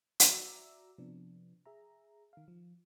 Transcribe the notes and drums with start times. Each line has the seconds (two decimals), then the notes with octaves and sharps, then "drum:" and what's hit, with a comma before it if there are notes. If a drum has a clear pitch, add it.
0.20 drum: hi-hat
0.30 F#4 D5 E5 A#5 D6 E6
0.98 C3 F3 B3 D4
1.66 G#4 E5 A#5
2.33 D#3 F5
2.48 F3